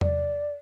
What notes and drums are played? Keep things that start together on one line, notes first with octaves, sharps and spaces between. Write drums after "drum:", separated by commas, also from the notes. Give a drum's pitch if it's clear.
D5, drum: tom E2